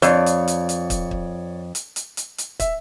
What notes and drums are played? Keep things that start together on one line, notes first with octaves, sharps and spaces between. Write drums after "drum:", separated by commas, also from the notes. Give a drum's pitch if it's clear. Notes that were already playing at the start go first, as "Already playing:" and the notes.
F2 C#5 D5, drum: hi-hat
drum: hi-hat
drum: hi-hat
drum: hi-hat
drum: kick, hi-hat
drum: kick
drum: hi-hat
drum: hi-hat
drum: hi-hat
drum: hi-hat
E5, drum: kick, hi-hat